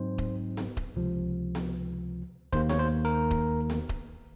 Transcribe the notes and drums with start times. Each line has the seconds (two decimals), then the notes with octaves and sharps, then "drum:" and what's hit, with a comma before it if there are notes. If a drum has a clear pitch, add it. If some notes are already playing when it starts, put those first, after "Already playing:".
Already playing: G#2 F#3 C4 D#4 C5
0.18 drum: kick D#1
0.57 drum: snare B3
0.77 drum: kick D#1
0.96 C#2 C3 F3
1.55 drum: snare B3
2.53 D#2 D#3 A#3 C5, drum: kick D#1
2.69 C#5, drum: snare B3
2.79 C5
3.05 A#4
3.31 drum: kick D#1
3.70 drum: snare B3
3.89 drum: kick D#1